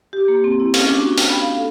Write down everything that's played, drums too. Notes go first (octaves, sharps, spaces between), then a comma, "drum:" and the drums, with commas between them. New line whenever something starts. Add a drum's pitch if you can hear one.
G4
A#3
C4
E4
C#4, drum: open hi-hat
D4
F#4
G5, drum: open hi-hat
B5
F5
A4